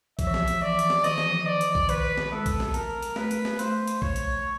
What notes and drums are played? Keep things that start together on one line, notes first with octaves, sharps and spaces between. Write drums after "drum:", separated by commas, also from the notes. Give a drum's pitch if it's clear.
F3 E5, drum: kick A#1, hi-hat
E3
F3, drum: snare
drum: hi-hat
E3 D5
F3
E3, drum: hi-hat
drum: snare
D#3 D#5, drum: hi-hat
E3, drum: snare
F3
E3
D#3 D5
drum: hi-hat
drum: kick A#1
D#3 B4, drum: hi-hat
drum: snare
G#3 A4
drum: kick A#1, hi-hat
drum: snare
A#4, drum: hi-hat
drum: hi-hat
A3 B4, drum: snare
drum: hi-hat
drum: snare
A3 C5, drum: hi-hat
drum: hi-hat
C#5, drum: kick A#1
drum: hi-hat